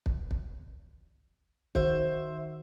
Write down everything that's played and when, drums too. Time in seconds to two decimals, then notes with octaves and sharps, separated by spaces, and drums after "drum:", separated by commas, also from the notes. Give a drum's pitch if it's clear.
0.06 drum: kick
0.31 drum: kick
1.75 D#3 F#4 C5 E5, drum: kick